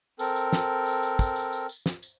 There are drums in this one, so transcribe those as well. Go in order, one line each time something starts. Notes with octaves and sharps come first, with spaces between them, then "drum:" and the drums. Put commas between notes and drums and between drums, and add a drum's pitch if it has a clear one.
C4 A4 A#4, drum: tambourine
drum: tambourine
drum: snare
drum: tambourine
drum: tambourine
drum: kick, tambourine
drum: tambourine
drum: tambourine
drum: tambourine
drum: snare
drum: tambourine